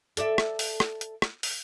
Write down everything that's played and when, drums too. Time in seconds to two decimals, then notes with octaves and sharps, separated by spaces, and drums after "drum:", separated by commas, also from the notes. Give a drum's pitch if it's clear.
0.17 A4 D5 E5, drum: hi-hat
0.38 drum: rim click
0.59 drum: open hi-hat
0.80 drum: rim click
1.01 drum: hi-hat
1.22 drum: rim click
1.43 drum: open hi-hat